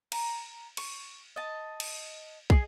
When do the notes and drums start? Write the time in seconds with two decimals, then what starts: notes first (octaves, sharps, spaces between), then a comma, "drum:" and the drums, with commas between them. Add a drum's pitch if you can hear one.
0.12 A#5, drum: cymbal
0.77 C#6, drum: cymbal
1.36 D#5 A5
1.80 drum: cymbal
2.50 G#4 D5 D#5, drum: kick